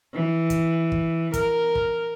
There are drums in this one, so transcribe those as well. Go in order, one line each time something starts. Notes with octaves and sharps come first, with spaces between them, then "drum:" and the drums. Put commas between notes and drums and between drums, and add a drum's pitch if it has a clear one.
E3
drum: kick, hi-hat
drum: kick
A#4, drum: kick, hi-hat
drum: kick